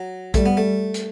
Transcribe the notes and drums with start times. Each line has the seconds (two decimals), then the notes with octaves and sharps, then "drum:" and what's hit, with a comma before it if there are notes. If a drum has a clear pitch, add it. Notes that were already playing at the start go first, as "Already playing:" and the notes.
Already playing: F#3
0.34 G3 A3, drum: kick A#1, hi-hat
0.46 B3
0.57 A3
0.94 drum: hi-hat